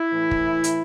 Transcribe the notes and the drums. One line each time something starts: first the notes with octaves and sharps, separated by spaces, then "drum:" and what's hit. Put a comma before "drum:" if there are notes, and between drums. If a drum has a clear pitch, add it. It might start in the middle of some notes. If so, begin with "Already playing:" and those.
Already playing: E4
A2 E3
drum: kick
drum: hi-hat